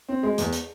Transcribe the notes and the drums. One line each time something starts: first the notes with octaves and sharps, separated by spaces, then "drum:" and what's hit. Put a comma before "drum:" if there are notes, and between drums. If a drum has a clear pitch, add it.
C4
G#3
E2, drum: hi-hat
drum: hi-hat